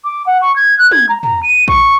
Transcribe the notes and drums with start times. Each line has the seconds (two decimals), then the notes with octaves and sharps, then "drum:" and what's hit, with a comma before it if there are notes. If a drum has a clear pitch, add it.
0.04 D6
0.26 F#5
0.41 C#6
0.56 G#6
0.78 F#6
0.91 G#6, drum: tom
1.09 A#5
1.23 A#5, drum: tom
1.43 D#7
1.68 C#6, drum: kick A#1